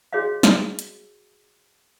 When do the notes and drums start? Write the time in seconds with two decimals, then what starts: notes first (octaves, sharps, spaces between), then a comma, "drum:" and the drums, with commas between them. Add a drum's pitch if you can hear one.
0.13 F#4 G#4 C#5 D#5 F5
0.43 drum: snare
0.79 drum: hi-hat